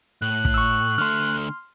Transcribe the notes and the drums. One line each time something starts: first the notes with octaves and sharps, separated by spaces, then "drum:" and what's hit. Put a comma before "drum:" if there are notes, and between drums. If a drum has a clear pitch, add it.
A2 F#6
drum: kick
C#6 E6
D3 A3 C6 F6